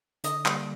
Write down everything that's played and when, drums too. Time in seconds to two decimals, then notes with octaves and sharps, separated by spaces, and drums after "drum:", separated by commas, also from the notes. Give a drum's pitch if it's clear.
0.24 D3 D#5, drum: hi-hat
0.45 G3 A#3, drum: clap